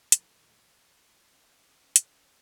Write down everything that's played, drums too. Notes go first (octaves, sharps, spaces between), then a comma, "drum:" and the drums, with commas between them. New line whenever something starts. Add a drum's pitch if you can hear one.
A#2 D#3 F#3 A3, drum: hi-hat
C#6
C#4 C5 E5 F#5 G5 D6
drum: hi-hat